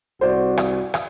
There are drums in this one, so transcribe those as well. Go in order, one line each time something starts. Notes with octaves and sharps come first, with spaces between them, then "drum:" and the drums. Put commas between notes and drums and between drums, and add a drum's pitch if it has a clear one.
C2 F#4 C5 D5
drum: rim click
drum: rim click